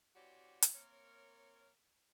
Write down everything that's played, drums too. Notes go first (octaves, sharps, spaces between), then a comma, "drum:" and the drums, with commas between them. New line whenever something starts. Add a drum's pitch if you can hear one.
E3 C4 F#4 G4 C#5 D5
drum: hi-hat
A#3 C4 A#4 C#5